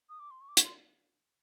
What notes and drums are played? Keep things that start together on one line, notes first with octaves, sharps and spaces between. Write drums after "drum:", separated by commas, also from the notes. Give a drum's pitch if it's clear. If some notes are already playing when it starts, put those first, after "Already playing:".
D#6
D6
C6
C#6
D6
C#6, drum: hi-hat
C6